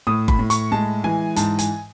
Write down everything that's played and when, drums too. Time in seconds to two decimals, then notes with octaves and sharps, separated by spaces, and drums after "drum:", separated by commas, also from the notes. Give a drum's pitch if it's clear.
0.07 A2 D#6
0.28 B5, drum: kick F#1
0.39 A2
0.50 C#6, drum: hi-hat
0.72 G#3 A5
1.04 E3 G#5
1.36 G#2 A5, drum: hi-hat
1.59 G#5, drum: hi-hat